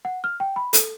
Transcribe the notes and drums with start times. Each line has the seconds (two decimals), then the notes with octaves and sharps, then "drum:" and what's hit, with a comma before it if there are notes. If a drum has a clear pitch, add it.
0.05 F#5
0.24 F6
0.40 G5
0.56 B5
0.73 A4, drum: hi-hat